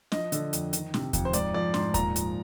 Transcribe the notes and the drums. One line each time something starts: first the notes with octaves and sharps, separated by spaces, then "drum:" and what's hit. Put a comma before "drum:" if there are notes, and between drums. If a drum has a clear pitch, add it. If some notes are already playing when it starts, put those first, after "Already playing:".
F3 D#5, drum: snare
D3, drum: hi-hat
F2, drum: hi-hat
D#3, drum: hi-hat
C3, drum: snare
F2, drum: kick D#2, hi-hat
C5
G#2 D5, drum: hi-hat
F3 D5
G#2 C6, drum: snare
A#2 A#5, drum: kick D#2, hi-hat
F3, drum: hi-hat